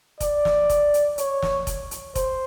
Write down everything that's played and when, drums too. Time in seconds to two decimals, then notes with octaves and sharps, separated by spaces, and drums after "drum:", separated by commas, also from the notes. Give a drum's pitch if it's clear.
0.20 D5, drum: kick F1, hi-hat
0.45 drum: snare
0.69 drum: kick F1, hi-hat
0.94 drum: hi-hat
1.18 C#5, drum: hi-hat
1.42 drum: snare
1.67 drum: kick F1, hi-hat
1.91 drum: hi-hat
2.15 C5, drum: kick F1, hi-hat